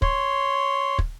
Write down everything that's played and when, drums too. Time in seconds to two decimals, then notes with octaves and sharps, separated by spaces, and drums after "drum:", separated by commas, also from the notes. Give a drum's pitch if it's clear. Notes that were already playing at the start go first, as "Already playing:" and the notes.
0.02 C#5 C6, drum: kick
0.99 drum: kick